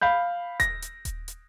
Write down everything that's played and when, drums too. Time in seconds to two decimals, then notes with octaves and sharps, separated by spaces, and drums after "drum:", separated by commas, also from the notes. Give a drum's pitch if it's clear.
0.01 F5 B5 G6
0.60 A#6, drum: kick D#1, hi-hat
0.82 drum: hi-hat
1.05 drum: kick D#1, hi-hat
1.28 drum: hi-hat